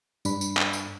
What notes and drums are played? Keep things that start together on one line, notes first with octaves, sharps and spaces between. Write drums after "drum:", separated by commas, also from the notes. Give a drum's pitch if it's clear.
G2 D4 B5, drum: tambourine
drum: tambourine
drum: clap
drum: tambourine